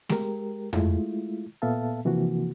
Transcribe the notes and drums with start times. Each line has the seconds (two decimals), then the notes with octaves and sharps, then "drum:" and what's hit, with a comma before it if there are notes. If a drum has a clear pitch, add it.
0.09 G#3 G4 A#4, drum: snare A3
0.73 G#3 A3 E4 F4, drum: tom F2
1.62 A#2 B3 A4 E5 F5 A5
2.05 C3 E3 F3 A#3 F#4